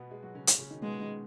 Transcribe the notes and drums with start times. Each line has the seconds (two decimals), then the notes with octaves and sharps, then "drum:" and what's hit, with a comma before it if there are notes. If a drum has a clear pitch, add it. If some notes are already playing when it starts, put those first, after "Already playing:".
Already playing: B2 B3
0.11 G#3
0.22 F#3 F#4
0.35 C#3 C#4
0.47 G#3, drum: hi-hat
0.58 C#3 C#4
0.70 D#3 D#4
0.82 B2 G#3 B3
1.00 D#3 D#4